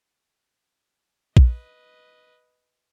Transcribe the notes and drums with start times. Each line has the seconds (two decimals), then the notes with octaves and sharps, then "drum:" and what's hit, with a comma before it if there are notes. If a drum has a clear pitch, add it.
1.37 B4 D#5, drum: kick